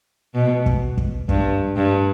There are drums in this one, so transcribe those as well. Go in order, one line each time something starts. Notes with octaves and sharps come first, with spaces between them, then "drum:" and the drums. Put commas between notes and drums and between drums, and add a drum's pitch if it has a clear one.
B2
drum: kick
drum: kick
G2, drum: kick
G2